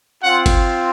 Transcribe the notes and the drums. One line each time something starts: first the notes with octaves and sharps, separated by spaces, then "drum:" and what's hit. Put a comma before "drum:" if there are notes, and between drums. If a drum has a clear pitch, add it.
C4 F4 F#5
drum: kick G1, cymbal